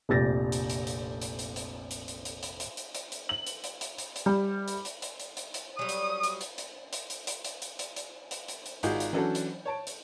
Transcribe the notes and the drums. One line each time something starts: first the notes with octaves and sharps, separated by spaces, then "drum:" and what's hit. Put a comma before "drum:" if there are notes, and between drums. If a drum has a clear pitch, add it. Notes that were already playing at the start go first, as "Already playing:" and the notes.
F1 A#1 G4 A6 A#6
drum: hi-hat
drum: hi-hat
drum: hi-hat
drum: hi-hat
drum: hi-hat
drum: hi-hat
drum: hi-hat
drum: hi-hat
drum: hi-hat
drum: hi-hat
drum: hi-hat
drum: hi-hat
drum: hi-hat
drum: hi-hat
F#7
drum: hi-hat
drum: hi-hat
drum: hi-hat
drum: hi-hat
drum: hi-hat
G3
drum: hi-hat
drum: hi-hat
drum: hi-hat
drum: hi-hat
drum: hi-hat
drum: hi-hat
F#3 G3 D#6
drum: hi-hat
drum: hi-hat
drum: hi-hat
drum: hi-hat
drum: hi-hat
drum: hi-hat
drum: hi-hat
drum: hi-hat
drum: hi-hat
drum: hi-hat
drum: hi-hat
drum: hi-hat
drum: hi-hat
drum: hi-hat
G#1 D#4 F4 F#4 G#4 G6, drum: hi-hat
drum: hi-hat
E3 F#3 C#4 D4 F#4 A4
drum: hi-hat
C#5 A5 D7
drum: hi-hat